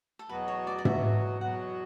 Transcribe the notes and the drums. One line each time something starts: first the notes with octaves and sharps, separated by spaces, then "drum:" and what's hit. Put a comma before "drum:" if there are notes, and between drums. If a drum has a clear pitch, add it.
A4
E2 B2 F#3 B3 F#4 B4
C#5
D5
D5
E2 B2 F#3 B3 F#4 E5, drum: tom
E2 B2 F#3 B3 F#4 F#5